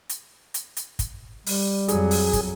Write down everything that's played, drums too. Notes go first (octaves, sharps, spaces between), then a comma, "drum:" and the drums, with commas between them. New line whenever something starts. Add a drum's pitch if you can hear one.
drum: hi-hat
drum: hi-hat
drum: hi-hat
drum: kick, hi-hat
G3, drum: open hi-hat
F2 F#3 G#4, drum: hi-hat
drum: open hi-hat
drum: kick, hi-hat